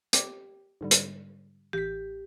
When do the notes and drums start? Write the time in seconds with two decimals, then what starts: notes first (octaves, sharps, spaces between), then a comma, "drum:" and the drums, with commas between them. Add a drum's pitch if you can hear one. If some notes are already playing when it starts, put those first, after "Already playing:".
0.13 G4, drum: hi-hat
0.81 G#2 D3 G3
0.91 drum: hi-hat
1.73 A1 G4 B6